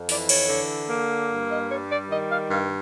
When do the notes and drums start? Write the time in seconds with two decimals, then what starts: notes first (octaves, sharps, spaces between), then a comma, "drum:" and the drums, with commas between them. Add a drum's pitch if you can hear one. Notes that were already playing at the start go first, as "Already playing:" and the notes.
Already playing: F2
0.09 E3 D5, drum: open hi-hat
0.29 C#5, drum: cymbal
0.49 D3
0.89 A#3
1.30 G2
1.50 D#5
1.69 G3 C#5
1.90 D5
2.09 D#3 D#5
2.30 F5
2.50 G2 F5